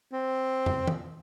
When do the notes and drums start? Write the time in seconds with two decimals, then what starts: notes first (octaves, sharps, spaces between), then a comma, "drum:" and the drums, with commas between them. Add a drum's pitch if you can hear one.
0.13 C4
0.66 drum: tom
0.87 drum: tom D#3